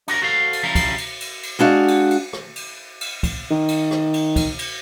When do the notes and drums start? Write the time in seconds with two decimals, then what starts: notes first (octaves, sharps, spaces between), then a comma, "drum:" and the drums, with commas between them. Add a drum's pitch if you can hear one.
0.08 D4 F#4 A#4, drum: cymbal
0.22 F#4 A4 C5 F5
0.53 drum: cymbal
0.63 C#3 F3 G3 E4 F5 A#5
0.75 drum: kick C#2, cymbal
0.98 drum: cymbal
1.20 drum: cymbal
1.43 drum: cymbal
1.59 G#3 D4 F#4 F5
1.88 drum: cymbal
2.11 drum: cymbal
2.33 drum: rim click
2.56 drum: cymbal
3.01 drum: cymbal
3.23 drum: kick C#2, cymbal
3.51 D#3
3.68 drum: cymbal
3.91 drum: rim click
4.14 drum: cymbal
4.36 drum: kick C#2, cymbal
4.59 drum: cymbal